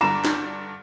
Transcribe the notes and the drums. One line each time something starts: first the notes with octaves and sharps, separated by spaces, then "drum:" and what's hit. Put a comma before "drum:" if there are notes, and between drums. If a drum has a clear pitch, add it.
G2 D3 A#5 D6 E7
drum: snare